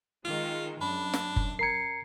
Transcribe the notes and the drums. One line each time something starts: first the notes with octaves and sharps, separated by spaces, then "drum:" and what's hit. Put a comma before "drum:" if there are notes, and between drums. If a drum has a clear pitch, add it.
D#3 G#3 F4
F#2 D4 B5
drum: snare
drum: kick F#1
A#4 A#5 G#6 C7 C#7